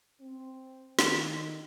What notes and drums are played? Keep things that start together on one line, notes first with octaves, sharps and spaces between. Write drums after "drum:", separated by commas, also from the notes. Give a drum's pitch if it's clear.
C4
D#3, drum: snare